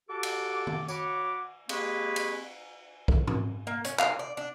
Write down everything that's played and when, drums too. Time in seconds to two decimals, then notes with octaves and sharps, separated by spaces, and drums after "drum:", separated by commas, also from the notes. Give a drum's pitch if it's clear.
0.10 F#4 G4 A4 A5 D6
0.23 drum: cymbal
0.67 drum: tom D#3
0.88 F#4 C#5 B5 D6, drum: tambourine
1.69 G#3 A#3 C4 G4 B4 C#5, drum: cymbal
2.16 drum: cymbal
3.08 drum: kick
3.27 drum: tom G#2
3.67 A#3
3.85 C#4, drum: hi-hat
3.99 F5, drum: clap
4.19 D5
4.37 D4